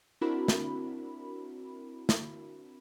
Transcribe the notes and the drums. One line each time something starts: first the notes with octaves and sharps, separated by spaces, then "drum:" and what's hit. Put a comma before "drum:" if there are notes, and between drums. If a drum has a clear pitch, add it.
C4 D4 E4 F#4 A#4 B5
drum: snare
drum: snare